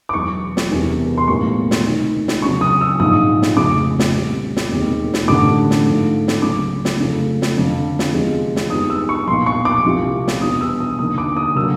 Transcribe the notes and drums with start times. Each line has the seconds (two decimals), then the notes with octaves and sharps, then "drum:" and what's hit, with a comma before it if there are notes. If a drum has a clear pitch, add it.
0.09 D6
0.13 E1 E2 B2 F#3 C#6
0.57 drum: snare
0.71 E1 E2 C3
1.18 C6
1.28 B1 A2 E3 G3 A#3 C#6
1.71 drum: snare
1.85 D2 C3 D#3
2.28 drum: snare
2.42 F2 C#3 F#3 C#6
2.61 D#6
2.81 E6
2.99 A#1 G#2 F3 D#6
3.42 drum: snare
3.57 F1 F2 C#3 D6
3.99 drum: snare
4.14 C2 A#2 G3
4.57 drum: snare
4.71 E1 D#2 D#3 G#3 C4
5.14 drum: snare
5.28 A1 G2 D3 D6
5.71 drum: snare
5.85 G#2 F3 A3
6.28 drum: snare
6.42 C#2 C#3 F#3 A#3 D6
6.85 drum: snare
6.99 F2 C#3 F3 A3
7.42 drum: snare
7.57 F2 D3 F3
7.99 drum: snare
8.13 E2 C3 F3 G#3
8.56 drum: snare
8.70 G2 D#3 G#3 B3 D4 D#6
8.90 E6
9.09 C#6
9.27 B1 A#2 F3 C6
9.46 C#6
9.65 D6
9.85 C2 C3 F3
10.28 drum: snare
10.41 E2 B2 G3 B3 D4 D#6
10.61 E6
10.80 D#6
10.99 D#2 D3 F3 A#3 D4 D#6
11.18 D6
11.36 D#6
11.56 D3 F#3 A#3 E6